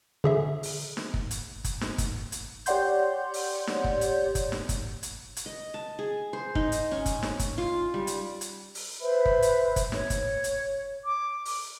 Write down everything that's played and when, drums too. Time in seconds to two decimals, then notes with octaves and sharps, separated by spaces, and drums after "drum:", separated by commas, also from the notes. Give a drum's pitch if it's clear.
0.24 D3 G#4 E5
0.63 drum: open hi-hat
0.97 drum: snare
1.14 drum: kick
1.31 drum: hi-hat
1.64 drum: kick, hi-hat
1.81 drum: snare
1.98 drum: kick, hi-hat
2.32 drum: hi-hat
2.66 G4 C#5 D5 F#5 C6 G6, drum: hi-hat
3.34 drum: open hi-hat
3.67 drum: snare
3.84 drum: kick
4.01 drum: hi-hat
4.35 drum: kick, hi-hat
4.52 drum: snare
4.69 drum: kick, hi-hat
5.03 drum: hi-hat
5.37 drum: hi-hat
5.46 D#5
5.74 A5
5.99 G#4
6.33 C5
6.55 D#4, drum: kick
6.72 drum: hi-hat
6.92 C#4
7.06 drum: kick, hi-hat
7.23 drum: snare
7.39 drum: kick, hi-hat
7.58 F4
7.94 G3
8.07 drum: hi-hat
8.41 drum: hi-hat
8.75 drum: open hi-hat
9.01 B4 C5 E5 B5
9.26 drum: kick
9.42 drum: hi-hat
9.76 drum: kick, hi-hat
9.92 C#5, drum: snare
10.10 drum: kick, hi-hat
10.44 drum: hi-hat
11.05 D6
11.45 drum: open hi-hat